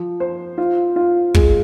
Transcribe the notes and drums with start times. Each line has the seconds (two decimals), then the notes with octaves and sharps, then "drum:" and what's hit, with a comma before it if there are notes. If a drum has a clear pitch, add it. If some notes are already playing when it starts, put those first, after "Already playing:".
Already playing: F3
0.20 C5
0.58 F4
0.96 F4
1.34 G#3, drum: kick